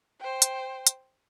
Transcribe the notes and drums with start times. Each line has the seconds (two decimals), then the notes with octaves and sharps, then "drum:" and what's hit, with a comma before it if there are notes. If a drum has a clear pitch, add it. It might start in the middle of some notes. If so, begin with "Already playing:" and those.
0.19 C5 G5
0.42 drum: hi-hat
0.87 drum: hi-hat